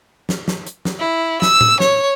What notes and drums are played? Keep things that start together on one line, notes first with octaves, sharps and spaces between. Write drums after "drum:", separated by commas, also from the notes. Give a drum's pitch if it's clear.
drum: snare
drum: snare
drum: hi-hat
drum: snare
E4
E6, drum: snare
drum: tom A2
C#5, drum: snare